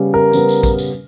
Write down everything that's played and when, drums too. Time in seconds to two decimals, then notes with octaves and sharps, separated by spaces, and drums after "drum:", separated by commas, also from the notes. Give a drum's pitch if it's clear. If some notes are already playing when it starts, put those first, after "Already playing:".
Already playing: C#3 G3 B3
0.14 A#4
0.33 C#3 G3 B3, drum: tambourine
0.48 drum: tambourine
0.63 drum: kick, tambourine
0.78 drum: tambourine